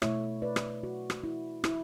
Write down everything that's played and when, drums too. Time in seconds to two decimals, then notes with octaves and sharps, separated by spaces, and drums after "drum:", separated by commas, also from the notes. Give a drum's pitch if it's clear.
0.02 B2 A3 E4 C#5 E5, drum: rim click
0.42 B4 D5
0.56 drum: rim click
0.83 F#4
1.10 drum: rim click
1.24 E4
1.64 E4, drum: rim click